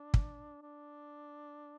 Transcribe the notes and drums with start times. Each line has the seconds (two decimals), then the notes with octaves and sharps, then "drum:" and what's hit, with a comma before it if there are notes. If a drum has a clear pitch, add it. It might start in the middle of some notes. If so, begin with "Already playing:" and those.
Already playing: D4
0.14 drum: kick
0.62 D4